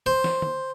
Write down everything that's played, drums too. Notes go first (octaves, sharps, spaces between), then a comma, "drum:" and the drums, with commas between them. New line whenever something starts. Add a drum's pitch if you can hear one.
C5
drum: snare
drum: tom